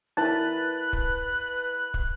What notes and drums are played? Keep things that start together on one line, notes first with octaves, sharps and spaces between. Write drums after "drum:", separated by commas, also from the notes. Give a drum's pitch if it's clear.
E4 A#4 B4 A5 F#6
drum: kick
drum: kick